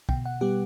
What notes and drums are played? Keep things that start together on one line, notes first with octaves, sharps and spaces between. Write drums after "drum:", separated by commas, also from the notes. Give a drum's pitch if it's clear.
B2 G5, drum: kick
F#5
G3 B3 G4